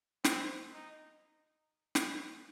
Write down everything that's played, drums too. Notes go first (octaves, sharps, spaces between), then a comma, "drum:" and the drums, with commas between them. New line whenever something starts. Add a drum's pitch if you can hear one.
C4, drum: snare
D#4
drum: snare